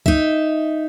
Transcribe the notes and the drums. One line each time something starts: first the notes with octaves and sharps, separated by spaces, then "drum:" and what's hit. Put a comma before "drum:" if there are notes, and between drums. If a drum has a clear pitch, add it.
D#4 E5, drum: kick